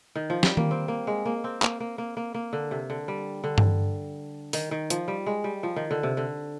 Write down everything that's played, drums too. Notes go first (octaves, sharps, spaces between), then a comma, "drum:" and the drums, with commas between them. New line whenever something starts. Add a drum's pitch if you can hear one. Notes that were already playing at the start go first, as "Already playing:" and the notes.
D#3
F3
G3, drum: snare
A#3, drum: tom D#3
C4
A#3
G#3
A#3
C4
A#3, drum: clap
A#3
A#3
A#3
A#3
D3
C3
D3
G3
D3
drum: tom G2
D#3, drum: open hi-hat
D#3
F3, drum: hi-hat
G3
G#3
G3
F3
D#3
D3
C3
D3